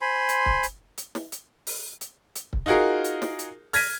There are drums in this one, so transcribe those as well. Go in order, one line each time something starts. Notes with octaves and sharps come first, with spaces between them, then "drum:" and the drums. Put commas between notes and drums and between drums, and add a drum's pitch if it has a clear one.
C5 G#5 B5 C6
drum: hi-hat
drum: kick C#1
drum: hi-hat
drum: hi-hat
drum: snare
drum: hi-hat
drum: open hi-hat
drum: hi-hat
drum: hi-hat
drum: kick C#1
D#4 F4 F#4 G#4 A#4
drum: hi-hat
drum: snare
drum: hi-hat
F6 G#6 A#6 B6 D#7, drum: open hi-hat